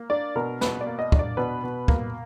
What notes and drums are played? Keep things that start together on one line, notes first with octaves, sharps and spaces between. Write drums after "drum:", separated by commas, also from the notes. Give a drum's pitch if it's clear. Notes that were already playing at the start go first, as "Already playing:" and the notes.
Already playing: A#3
D4 D5
B2 A#4
B2 B4, drum: snare
D5
A#3
D#5
D4, drum: kick
D5
B2 B4
B2
A#3, drum: kick